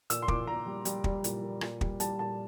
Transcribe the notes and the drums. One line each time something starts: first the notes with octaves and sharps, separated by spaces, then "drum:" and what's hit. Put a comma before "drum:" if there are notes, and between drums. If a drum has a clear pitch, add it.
A#2 E6, drum: hi-hat
C6
A#2 D6, drum: kick
A#2 A#5
G3
G3, drum: hi-hat
G3, drum: kick
A#2, drum: hi-hat
A#2
A#2, drum: rim click
G3, drum: kick
G3 A5, drum: hi-hat
A#2 A5